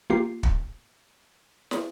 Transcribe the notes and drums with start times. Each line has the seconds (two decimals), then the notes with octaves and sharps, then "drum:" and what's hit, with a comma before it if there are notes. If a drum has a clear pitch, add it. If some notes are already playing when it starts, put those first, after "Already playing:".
0.10 A#3 F4 G4 C7
0.43 drum: kick
1.71 drum: snare